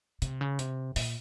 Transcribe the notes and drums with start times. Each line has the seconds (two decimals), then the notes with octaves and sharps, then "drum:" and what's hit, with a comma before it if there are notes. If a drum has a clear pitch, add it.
0.22 C3, drum: hi-hat
0.41 C#3
0.59 C3, drum: hi-hat
0.96 A#2, drum: open hi-hat